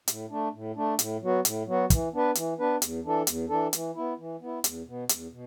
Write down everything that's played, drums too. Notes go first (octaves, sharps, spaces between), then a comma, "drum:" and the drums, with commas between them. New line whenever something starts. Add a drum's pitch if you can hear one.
A2, drum: hi-hat
A3 D4
A2
A3 D4
A2, drum: hi-hat
F#3 B3 F#4
A2, drum: hi-hat
F#3 B3 F#4
E3, drum: kick, hi-hat
B3 D4 B4
E3, drum: hi-hat
B3 D4 B4
E2, drum: hi-hat
E3 D4 A4
E2, drum: hi-hat
E3 D4 A4
E3, drum: hi-hat
B3 E4
E3
B3 E4
E2, drum: hi-hat
B2 B3
E2, drum: hi-hat
B2